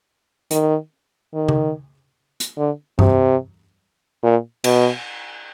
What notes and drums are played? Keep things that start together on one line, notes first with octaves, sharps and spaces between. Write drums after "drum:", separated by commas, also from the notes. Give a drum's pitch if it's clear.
D#3, drum: hi-hat
D#3
drum: tom C#3
drum: hi-hat
D3
C3, drum: tom G2
A#2
B2, drum: cymbal